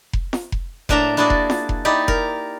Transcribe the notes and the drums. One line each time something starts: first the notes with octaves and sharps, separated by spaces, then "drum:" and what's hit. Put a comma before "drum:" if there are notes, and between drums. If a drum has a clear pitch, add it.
drum: kick F1
drum: snare
drum: kick F1
A2 A#3 D4 E5 A#5, drum: kick F1
D4 E4 F#4 G#4 D5
drum: kick F1
drum: snare
drum: kick F1
D#4 E4 G4 D5
A#4, drum: kick F1